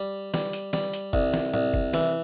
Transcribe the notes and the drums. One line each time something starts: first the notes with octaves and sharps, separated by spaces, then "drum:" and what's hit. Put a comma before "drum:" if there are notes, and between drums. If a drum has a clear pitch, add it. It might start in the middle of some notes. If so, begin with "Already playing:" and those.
Already playing: G3
G3, drum: snare
drum: hi-hat
G3, drum: snare
drum: hi-hat
C2, drum: kick
drum: snare
C2, drum: tom A2
drum: kick
E3, drum: snare